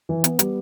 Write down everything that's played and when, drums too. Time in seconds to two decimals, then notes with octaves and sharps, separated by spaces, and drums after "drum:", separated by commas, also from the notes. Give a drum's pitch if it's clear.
0.09 E3
0.24 B3, drum: hi-hat
0.39 G3, drum: hi-hat